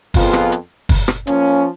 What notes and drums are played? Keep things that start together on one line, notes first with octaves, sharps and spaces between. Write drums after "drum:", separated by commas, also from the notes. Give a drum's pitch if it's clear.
F2 F3 B3 F4 G#4, drum: kick, open hi-hat
drum: rim click
drum: hi-hat
drum: kick, open hi-hat
drum: rim click
F3 A#3 C#4, drum: hi-hat